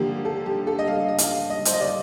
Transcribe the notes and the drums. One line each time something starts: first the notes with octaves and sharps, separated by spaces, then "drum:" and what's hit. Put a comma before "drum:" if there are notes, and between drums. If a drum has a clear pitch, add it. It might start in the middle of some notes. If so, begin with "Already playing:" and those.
Already playing: D3 F3 A#3 G4
A4
G4
A4
D#5
F5
D#5
F5, drum: hi-hat
D#5
C5, drum: hi-hat
D#5
D5